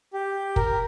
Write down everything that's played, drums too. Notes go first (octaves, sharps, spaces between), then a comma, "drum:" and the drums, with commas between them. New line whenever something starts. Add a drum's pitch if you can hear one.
G4
A#4, drum: kick